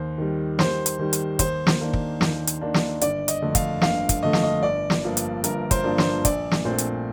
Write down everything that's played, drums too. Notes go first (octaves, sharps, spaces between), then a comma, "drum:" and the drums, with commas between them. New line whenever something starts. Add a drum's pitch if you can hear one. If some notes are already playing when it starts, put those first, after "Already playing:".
Already playing: D#2 C5
D#3 G3
D#2 C5, drum: snare
drum: hi-hat
D#3 G3
drum: hi-hat
D#2 C5, drum: kick, hi-hat
drum: snare
D#3 A#3 D4
drum: kick
D#2, drum: snare
drum: hi-hat
D#3 A#3 D4
drum: snare
G1 D5, drum: hi-hat
D#5, drum: hi-hat
F2 D3 A3
F5, drum: kick, hi-hat
G1 F5, drum: snare
drum: kick, hi-hat
F2 D3 A3 D#5
F5, drum: snare
D#5
G1 D5
drum: snare
G2 F3 A#3 D4
drum: hi-hat
G1 A#4, drum: hi-hat
C5, drum: kick, hi-hat
G2 F3 A#3 D4
C5, drum: snare
A#1 D5, drum: kick, hi-hat
drum: snare
A#2 A3 C4 C5
drum: hi-hat